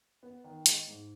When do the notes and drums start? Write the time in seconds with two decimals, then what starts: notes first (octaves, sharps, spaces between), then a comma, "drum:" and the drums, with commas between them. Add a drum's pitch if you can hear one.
0.23 B3
0.44 D#3
0.66 G#3, drum: hi-hat
0.87 G#2